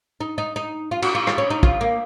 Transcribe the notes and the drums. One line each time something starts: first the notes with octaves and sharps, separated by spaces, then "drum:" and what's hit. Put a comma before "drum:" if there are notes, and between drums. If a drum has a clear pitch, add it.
D#4
D#4
D#4
F4
F#4, drum: cymbal
F4
F4, drum: rim click
C#4
D#4
F4, drum: kick
A#3